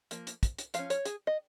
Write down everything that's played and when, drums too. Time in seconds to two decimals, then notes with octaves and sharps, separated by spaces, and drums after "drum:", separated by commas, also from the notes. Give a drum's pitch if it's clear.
0.11 F3 A#3, drum: hi-hat
0.27 drum: hi-hat
0.43 drum: kick, hi-hat
0.58 drum: hi-hat
0.74 F3 C#4 F5, drum: hi-hat
0.90 C#5, drum: hi-hat
1.05 G#4, drum: hi-hat
1.27 D#5